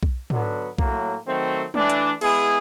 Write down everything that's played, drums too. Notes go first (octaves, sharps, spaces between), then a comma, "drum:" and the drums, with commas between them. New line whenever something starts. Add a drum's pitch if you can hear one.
drum: kick B1
D3 F#3 B3, drum: tom
A2 F#3 A#3, drum: kick B1
D#3 F#3 A3 C4
E3 A3 D4, drum: tom G3
drum: hi-hat
G#3 B3 E4 G#4, drum: cymbal